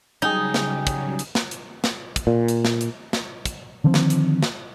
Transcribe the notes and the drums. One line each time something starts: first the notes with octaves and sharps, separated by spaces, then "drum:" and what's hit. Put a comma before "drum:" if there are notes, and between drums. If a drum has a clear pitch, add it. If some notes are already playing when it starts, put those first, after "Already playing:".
C#3 F#3 G3 D#4 G#4 G5 A#5
drum: snare
drum: kick, hi-hat
drum: hi-hat
drum: snare
drum: hi-hat
drum: snare
drum: kick, hi-hat
A#2
drum: hi-hat
drum: snare
drum: hi-hat
drum: snare
drum: kick, hi-hat
D3 D#3 F3 C4
drum: snare
drum: hi-hat
drum: snare